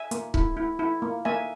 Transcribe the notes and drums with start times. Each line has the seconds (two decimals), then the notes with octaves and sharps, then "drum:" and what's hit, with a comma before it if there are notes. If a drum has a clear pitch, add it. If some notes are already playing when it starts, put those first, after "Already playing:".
Already playing: E5 G#5
0.11 A#3, drum: hi-hat
0.34 E4, drum: kick C#1
0.57 E4
0.79 E4
1.02 A#3
1.25 A#3 E5 G#5